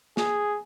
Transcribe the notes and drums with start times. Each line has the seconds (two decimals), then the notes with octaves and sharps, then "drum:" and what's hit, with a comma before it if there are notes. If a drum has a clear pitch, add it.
0.17 G#4, drum: snare